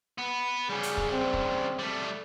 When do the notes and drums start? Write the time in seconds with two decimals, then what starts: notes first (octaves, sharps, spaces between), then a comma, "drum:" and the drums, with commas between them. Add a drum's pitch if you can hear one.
0.18 B3
0.69 C#3 G3 G#4
0.83 drum: hi-hat
0.97 drum: kick
1.11 C4
1.34 drum: kick
1.79 G3 A3